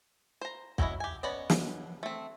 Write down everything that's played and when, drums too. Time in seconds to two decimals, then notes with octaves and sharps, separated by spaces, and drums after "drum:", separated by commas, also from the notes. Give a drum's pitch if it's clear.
0.41 C5 A#5
0.78 F#3 C4 C#4 E4 D#5, drum: kick
1.00 G4 G#5
1.23 B3 C#4 B4 D5 D#5
1.50 drum: snare
2.03 A3 C4